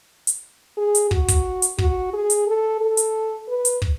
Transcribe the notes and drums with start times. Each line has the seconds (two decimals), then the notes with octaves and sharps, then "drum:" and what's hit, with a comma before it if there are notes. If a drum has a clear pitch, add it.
0.27 drum: hi-hat
0.77 G#4
0.95 drum: hi-hat
1.11 F#4, drum: kick
1.28 drum: kick, hi-hat
1.62 drum: hi-hat
1.78 F#4, drum: kick
2.13 G#4
2.30 drum: hi-hat
2.47 A4
2.81 A4
2.97 drum: hi-hat
3.48 B4
3.65 drum: hi-hat
3.82 drum: kick